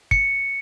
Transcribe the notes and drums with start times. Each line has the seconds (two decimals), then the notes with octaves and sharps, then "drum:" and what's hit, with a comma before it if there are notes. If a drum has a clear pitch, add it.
0.11 C#7, drum: kick